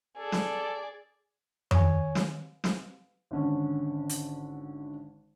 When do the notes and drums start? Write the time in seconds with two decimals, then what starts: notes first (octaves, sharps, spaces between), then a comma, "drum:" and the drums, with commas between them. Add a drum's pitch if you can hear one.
0.17 G#4 A4 D5
0.32 drum: snare
1.71 D#3 C#5 G#5, drum: tom F2
2.15 drum: snare
2.64 drum: snare
3.31 G#1 D3 C#4
4.09 drum: hi-hat